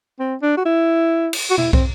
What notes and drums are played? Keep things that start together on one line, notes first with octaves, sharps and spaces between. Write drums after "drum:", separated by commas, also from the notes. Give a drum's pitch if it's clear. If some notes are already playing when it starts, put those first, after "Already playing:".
C4
D4
F#4
E4
drum: cymbal
F#4
E4, drum: tom B2
C4, drum: kick